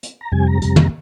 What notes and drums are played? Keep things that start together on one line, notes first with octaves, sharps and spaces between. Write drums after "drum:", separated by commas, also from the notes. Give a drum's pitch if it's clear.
drum: hi-hat
A#5
F2 C3 G3 G#5
A#5
F2 C3 G3, drum: hi-hat
drum: tom